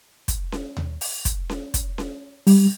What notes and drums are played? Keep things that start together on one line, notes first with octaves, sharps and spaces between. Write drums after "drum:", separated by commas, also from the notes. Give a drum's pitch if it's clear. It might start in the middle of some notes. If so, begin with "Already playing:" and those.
drum: kick, hi-hat
drum: snare C#4
drum: tom D#2
drum: open hi-hat
drum: kick, hi-hat
drum: snare C#4
drum: kick, hi-hat
drum: snare C#4
G3, drum: open hi-hat